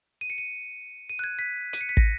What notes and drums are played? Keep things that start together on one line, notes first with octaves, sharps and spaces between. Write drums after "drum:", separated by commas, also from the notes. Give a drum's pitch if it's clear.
D#7
C#7
D#7
D#7
F#6
G#6
B6
D#7, drum: hi-hat
C#7
B6
A#6, drum: kick